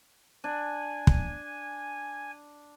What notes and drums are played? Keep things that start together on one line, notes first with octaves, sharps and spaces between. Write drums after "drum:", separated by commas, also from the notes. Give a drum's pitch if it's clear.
D4 G#5
drum: kick